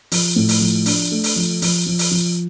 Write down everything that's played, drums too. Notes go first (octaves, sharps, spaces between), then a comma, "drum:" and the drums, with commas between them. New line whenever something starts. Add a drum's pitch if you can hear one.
F3, drum: open hi-hat
A2
drum: open hi-hat
F3
D4, drum: open hi-hat
A3
drum: open hi-hat
F3
F3, drum: open hi-hat
F3
drum: open hi-hat
F3